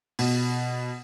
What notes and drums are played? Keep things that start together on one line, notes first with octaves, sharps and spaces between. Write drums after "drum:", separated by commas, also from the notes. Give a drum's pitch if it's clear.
B2, drum: open hi-hat